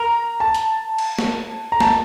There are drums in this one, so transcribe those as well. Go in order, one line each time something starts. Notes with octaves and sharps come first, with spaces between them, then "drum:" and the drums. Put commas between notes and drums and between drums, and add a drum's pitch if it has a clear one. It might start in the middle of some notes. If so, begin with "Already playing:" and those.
Already playing: A#4 A#5
A5
drum: hi-hat
drum: cymbal
drum: snare
A#5
A5, drum: snare